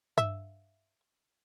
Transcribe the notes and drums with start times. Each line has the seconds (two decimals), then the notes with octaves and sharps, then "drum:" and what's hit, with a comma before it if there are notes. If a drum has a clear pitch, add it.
0.18 E5, drum: tom G2